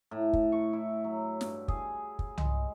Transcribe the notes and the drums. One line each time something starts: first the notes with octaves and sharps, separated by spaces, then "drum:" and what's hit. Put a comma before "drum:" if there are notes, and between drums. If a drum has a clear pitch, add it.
A2
drum: kick
C#6
E4
F#3
G2, drum: snare
G#4, drum: kick
drum: kick
G#3, drum: tom C2